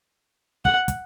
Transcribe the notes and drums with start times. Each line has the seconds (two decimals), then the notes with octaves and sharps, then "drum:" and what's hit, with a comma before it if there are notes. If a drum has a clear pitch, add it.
0.65 F#5, drum: kick
0.88 drum: kick, hi-hat